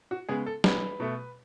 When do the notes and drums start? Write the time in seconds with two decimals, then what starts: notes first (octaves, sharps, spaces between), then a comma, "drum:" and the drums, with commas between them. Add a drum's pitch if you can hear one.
0.11 F#4
0.29 C#3 G#3 B3 G#4
0.46 A4
0.64 B1 B4, drum: snare
1.00 B2 A3